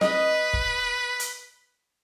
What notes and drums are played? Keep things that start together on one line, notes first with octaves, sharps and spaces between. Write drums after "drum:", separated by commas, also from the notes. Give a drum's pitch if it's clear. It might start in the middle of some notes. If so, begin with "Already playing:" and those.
B4 D#5, drum: snare
drum: kick
drum: hi-hat